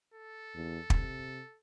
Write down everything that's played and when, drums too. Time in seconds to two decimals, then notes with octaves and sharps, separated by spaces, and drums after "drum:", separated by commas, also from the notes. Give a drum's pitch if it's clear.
0.15 A4
0.55 E2
0.90 C3, drum: kick